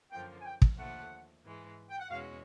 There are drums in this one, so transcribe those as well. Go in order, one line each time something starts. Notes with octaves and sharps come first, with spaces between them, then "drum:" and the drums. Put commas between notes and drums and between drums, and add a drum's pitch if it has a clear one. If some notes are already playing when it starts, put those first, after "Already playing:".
F#2 D3 F3 A#3 G5
G#5
G5
drum: kick
D#2 D3 F3 A3 F#5
G#2 E3 G#3
G5
F#5
E2 B2 G#3 C#4 F#4 F5